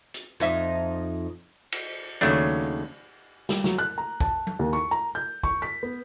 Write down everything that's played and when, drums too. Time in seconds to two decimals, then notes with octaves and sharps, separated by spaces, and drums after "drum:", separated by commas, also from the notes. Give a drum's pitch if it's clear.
0.14 drum: hi-hat
0.40 F2 D#4 E5
1.72 drum: cymbal
2.21 D#2 C#3 F#3 A3 D4
3.49 G3, drum: snare
3.64 F#3, drum: snare
3.78 F#6
3.98 A#5
4.20 A5, drum: kick
4.47 drum: tom F#3
4.59 D#2
4.73 C#6
4.91 A#5
5.15 G6
5.43 C#6, drum: kick
5.62 B6
5.83 B3